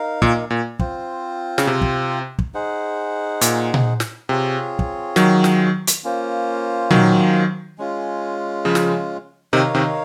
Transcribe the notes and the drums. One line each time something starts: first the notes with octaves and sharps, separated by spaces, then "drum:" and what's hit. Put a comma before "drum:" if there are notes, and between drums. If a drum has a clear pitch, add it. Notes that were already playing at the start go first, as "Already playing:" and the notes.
Already playing: D#4 A#4 F5
A#2, drum: kick
A#2
C4 F4 C5, drum: kick
C#3, drum: snare
C3
drum: kick
drum: kick
D#4 G#4 C5 F#5
A#2, drum: hi-hat
drum: tom A#2
drum: snare
C3 C4 F4 G#4 C#5
drum: kick
D#3 F#3, drum: snare
drum: snare
drum: hi-hat
A#3 C#4 F4 C5
D#3 F#3, drum: tom A#2
G#3 C#4 F4
C#3 F3
drum: snare
C3 D#3 D#4 A#4 C#5 F5
C3 D#3